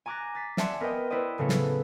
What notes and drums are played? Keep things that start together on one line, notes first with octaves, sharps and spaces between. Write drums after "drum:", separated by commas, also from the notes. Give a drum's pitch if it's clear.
G#5 A#5 D6 F#6 A6 A#6
A6 B6 C7
D5 E5 F#5 G#5 A5 C6, drum: snare
B3 A#4 B4 D#5 G5
E4 B4 C5 D5 D#5
A2 C#3 F#3 A3 B3 E4
drum: snare